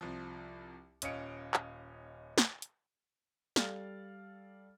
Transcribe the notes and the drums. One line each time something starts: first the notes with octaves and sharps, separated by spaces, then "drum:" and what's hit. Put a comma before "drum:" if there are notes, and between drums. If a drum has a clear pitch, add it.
C2 F3
D#1 C#4 D#5 F5 C#7 D7, drum: hi-hat
drum: clap
drum: snare
drum: hi-hat
G3 A4 D5 F5 F6 A6, drum: snare